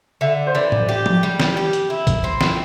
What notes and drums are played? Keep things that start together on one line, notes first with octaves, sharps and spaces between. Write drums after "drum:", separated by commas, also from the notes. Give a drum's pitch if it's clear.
D3 E5
C5
E3 D5
drum: tom A2
G4
drum: tom F3
G3
drum: snare
G4
drum: hi-hat
E4
drum: kick, hi-hat
C4
drum: snare